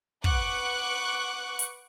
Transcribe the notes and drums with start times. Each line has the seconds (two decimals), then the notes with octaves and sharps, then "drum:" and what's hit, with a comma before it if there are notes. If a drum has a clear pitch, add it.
0.24 B4 F#5 C#6 D6 F#6 C#7, drum: kick
1.59 drum: hi-hat